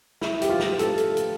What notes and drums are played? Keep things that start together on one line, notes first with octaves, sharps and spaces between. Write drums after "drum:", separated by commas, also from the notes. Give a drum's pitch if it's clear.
E4, drum: snare
G4, drum: hi-hat
F4
drum: snare
A4, drum: hi-hat
drum: hi-hat
drum: hi-hat